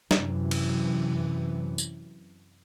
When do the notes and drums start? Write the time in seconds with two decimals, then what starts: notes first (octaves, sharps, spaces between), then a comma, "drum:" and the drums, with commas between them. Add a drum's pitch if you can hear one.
0.11 F#2 C3 E3, drum: snare
0.51 drum: cymbal
1.78 drum: tambourine